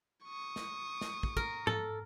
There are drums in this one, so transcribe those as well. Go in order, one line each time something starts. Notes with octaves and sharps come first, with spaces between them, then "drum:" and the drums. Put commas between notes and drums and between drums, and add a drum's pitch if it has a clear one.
C#6 D#6
drum: snare
drum: snare
drum: kick
A#4, drum: kick
A4, drum: tom G#2